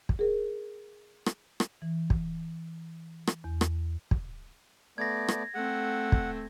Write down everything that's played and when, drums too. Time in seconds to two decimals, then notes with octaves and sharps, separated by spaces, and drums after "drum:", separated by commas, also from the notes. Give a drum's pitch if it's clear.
0.09 drum: kick
0.19 G#4 A#4
1.26 drum: rim click
1.60 drum: rim click
1.82 E3
2.10 drum: kick
3.27 drum: rim click
3.44 E2
3.61 drum: rim click
4.11 drum: kick
4.98 A3 B3 D5 G#6 A#6
5.28 drum: rim click
5.54 A3 C4 F#5
6.12 drum: kick